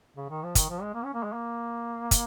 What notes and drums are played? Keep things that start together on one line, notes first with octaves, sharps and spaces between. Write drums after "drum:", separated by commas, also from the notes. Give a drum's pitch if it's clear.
C#3
D#3
F3
D#3, drum: kick, hi-hat
F3
G#3
A#3
C#4
A#3
G#3
A#3
drum: kick, hi-hat